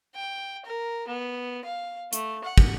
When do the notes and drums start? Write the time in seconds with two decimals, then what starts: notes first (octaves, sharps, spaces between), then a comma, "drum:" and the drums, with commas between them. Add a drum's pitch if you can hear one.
0.15 G5
0.66 A#4
1.08 B3
1.65 F5
2.13 A3, drum: hi-hat
2.44 F#5
2.58 drum: kick